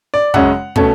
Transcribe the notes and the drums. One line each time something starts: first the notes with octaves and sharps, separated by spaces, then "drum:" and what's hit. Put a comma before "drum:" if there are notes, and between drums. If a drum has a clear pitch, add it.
D5
F#2 C#3 G#3 C#4 F#5, drum: kick
B2 A3 C#4, drum: kick